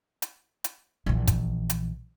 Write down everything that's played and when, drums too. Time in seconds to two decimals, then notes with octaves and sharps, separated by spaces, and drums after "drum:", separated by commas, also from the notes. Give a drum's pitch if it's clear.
0.22 drum: hi-hat
0.64 drum: hi-hat
1.06 A#1 E3
1.27 drum: kick, hi-hat
1.70 drum: hi-hat